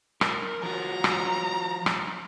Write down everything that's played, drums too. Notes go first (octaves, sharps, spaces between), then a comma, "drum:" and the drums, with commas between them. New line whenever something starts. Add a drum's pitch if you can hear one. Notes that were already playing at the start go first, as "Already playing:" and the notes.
A#4, drum: rim click
F3 F#4 A#5
drum: rim click
drum: rim click